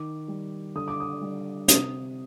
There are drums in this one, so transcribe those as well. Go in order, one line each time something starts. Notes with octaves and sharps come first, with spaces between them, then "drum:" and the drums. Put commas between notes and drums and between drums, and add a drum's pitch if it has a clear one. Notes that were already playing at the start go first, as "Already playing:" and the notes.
Already playing: D#3 D6
G3
D3 D#6
D6
D#6
G3
C3 D#6, drum: hi-hat